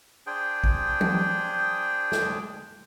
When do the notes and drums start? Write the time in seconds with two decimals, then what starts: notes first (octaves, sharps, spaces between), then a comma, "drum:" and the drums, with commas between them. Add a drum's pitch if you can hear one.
0.27 D4 G#4 C5 G5
0.64 drum: kick A1
1.01 drum: tom E3
2.12 drum: snare